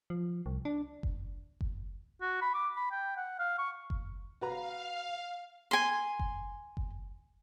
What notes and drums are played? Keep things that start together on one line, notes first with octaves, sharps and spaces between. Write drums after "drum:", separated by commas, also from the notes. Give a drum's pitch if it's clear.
F3
C2
D4
drum: kick F#1
drum: kick F#1
F#4
B5
D6
B5
G5
F#5
F5
C#6
drum: kick F#1
F#4 B4 F5 A#5
G#5 C6
drum: kick F#1
drum: kick F#1